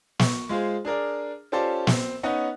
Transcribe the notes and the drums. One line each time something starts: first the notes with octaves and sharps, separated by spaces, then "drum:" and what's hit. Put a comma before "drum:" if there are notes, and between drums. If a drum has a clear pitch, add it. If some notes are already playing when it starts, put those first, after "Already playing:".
C#6, drum: snare
G#3 F4 G#4 C5
D4 G#4 A#4 D5
C#4 F4 G4 A4 C5 D5
C4, drum: snare
B3 C#4 D#4 C#5 D#5 F#5